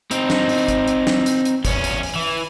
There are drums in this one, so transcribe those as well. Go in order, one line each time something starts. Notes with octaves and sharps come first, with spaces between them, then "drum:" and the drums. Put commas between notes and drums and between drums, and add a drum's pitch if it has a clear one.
C4 D#4, drum: hi-hat
drum: snare
drum: open hi-hat
drum: kick, hi-hat
drum: hi-hat
drum: snare
drum: hi-hat
drum: hi-hat
E2 C#4, drum: kick, hi-hat
drum: hi-hat
drum: open hi-hat
E3